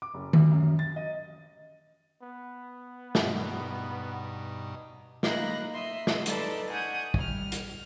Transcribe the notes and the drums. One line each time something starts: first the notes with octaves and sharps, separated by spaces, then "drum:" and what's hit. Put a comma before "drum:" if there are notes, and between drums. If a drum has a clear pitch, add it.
D6
F#1
D2, drum: tom D#3
F#2
A6
D#5
B3
G2 B2 D#4, drum: snare
A#3 D#4 B5 F#6 A#6, drum: snare
D#5 E5 C6
drum: snare
D#4 A4 B4 D5 A5 C6, drum: hi-hat
F#5 G#5 C#6 D#6 G6
G3 F6, drum: kick
drum: hi-hat